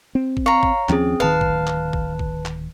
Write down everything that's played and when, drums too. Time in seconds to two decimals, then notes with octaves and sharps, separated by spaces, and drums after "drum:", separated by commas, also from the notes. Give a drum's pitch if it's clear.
0.15 C4
0.37 drum: kick G#1
0.46 C#5 F5 A#5
0.63 drum: kick G#1
0.89 D#2 F3 C4 C#4 G#4, drum: clap
1.20 D1 D#3 B4 F5 A5
1.41 drum: kick G#1
1.67 drum: clap
1.93 drum: kick G#1
2.19 drum: kick G#1
2.45 drum: clap